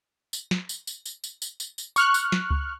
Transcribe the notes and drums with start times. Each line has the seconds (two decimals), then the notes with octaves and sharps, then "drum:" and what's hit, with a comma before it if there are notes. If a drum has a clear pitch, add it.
0.33 drum: tambourine
0.51 drum: snare
0.69 drum: tambourine
0.87 drum: tambourine
1.06 drum: tambourine
1.24 drum: tambourine
1.42 drum: tambourine
1.60 drum: tambourine
1.78 drum: tambourine
1.96 C#6 F6 F#6, drum: tambourine
2.14 drum: tambourine
2.32 drum: snare
2.51 drum: kick C#2